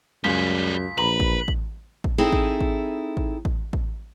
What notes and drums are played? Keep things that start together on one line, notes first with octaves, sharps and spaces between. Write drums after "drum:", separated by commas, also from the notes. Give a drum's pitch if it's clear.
C#2 F#2 G3 G#3 B6
A#1 B4 A#5 B5 F#7
drum: kick A1
drum: kick A1
drum: kick A1
C4 D#4 E4 G#4 A4
drum: kick A1
drum: kick A1
drum: kick A1
drum: kick A1
drum: kick A1